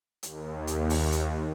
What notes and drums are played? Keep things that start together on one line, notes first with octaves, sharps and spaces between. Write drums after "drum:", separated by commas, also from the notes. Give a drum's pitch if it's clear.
D#2, drum: hi-hat
drum: hi-hat
drum: open hi-hat
drum: hi-hat